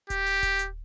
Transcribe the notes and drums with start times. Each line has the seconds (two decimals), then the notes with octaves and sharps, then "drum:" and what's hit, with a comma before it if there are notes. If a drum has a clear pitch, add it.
0.10 G4, drum: kick D#1, hi-hat
0.26 drum: open hi-hat
0.43 drum: kick D#1, hi-hat
0.59 drum: hi-hat